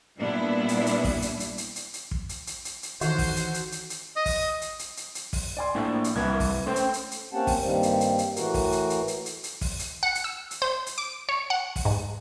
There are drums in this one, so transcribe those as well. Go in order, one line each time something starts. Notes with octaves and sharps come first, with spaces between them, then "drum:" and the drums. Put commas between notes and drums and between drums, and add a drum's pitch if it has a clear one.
A#2 G3 B3 D4 E4
drum: hi-hat
drum: hi-hat
drum: kick, open hi-hat
drum: hi-hat
drum: hi-hat
drum: hi-hat
drum: hi-hat
drum: hi-hat
drum: kick
drum: hi-hat
drum: hi-hat
drum: hi-hat
drum: hi-hat
D#3 E3 D#4 F#4 A4 C5 C#5, drum: hi-hat
drum: kick, open hi-hat
drum: hi-hat
drum: hi-hat
drum: hi-hat
drum: hi-hat
D#5
drum: kick, open hi-hat
drum: hi-hat
drum: hi-hat
drum: hi-hat
drum: hi-hat
drum: kick, open hi-hat
D5 G#5 C6
A2 A#3 D4 D5
drum: hi-hat
C2 G3 A#4 B4 G#6
drum: kick, open hi-hat
A3 C#4 C5 G5
drum: hi-hat
drum: hi-hat
drum: hi-hat
A#3 C4 C#4 G4 F#5 A5
drum: kick, open hi-hat
G2 D#3 G3 A#3 C4
drum: hi-hat
drum: hi-hat
drum: hi-hat
A2 E3 F#4 A#4, drum: hi-hat
drum: kick, open hi-hat
drum: hi-hat
drum: hi-hat
drum: hi-hat
drum: hi-hat
drum: hi-hat
drum: kick, open hi-hat
drum: hi-hat
F#5
drum: hi-hat
E6
drum: hi-hat
C5
drum: hi-hat
D6
C#5
F#5
drum: kick, open hi-hat
G#2